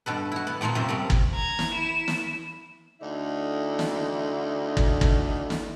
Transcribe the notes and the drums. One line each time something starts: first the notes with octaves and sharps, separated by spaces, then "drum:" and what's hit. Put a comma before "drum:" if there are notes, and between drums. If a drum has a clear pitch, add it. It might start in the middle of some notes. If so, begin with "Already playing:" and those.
G2 B2 A4 B4
E4 F#4
B3
F2 A#2 F3 A#3 F4
F#2 C3 C4 C5 E5
F#2 F3 G3
drum: kick
A#5 G#6
drum: snare
E4 E7
drum: snare
D2 D3 D#4 E4
drum: snare
drum: kick
drum: kick
drum: snare